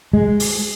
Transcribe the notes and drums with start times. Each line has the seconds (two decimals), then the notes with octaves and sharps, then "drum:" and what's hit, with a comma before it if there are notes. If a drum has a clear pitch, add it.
0.13 G#3
0.40 drum: open hi-hat